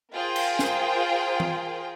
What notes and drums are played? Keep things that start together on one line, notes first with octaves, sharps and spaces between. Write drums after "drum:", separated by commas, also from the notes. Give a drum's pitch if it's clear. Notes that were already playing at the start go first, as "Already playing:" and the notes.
F4 G#4 A#4 C5 G5
drum: cymbal
drum: snare
drum: tom E3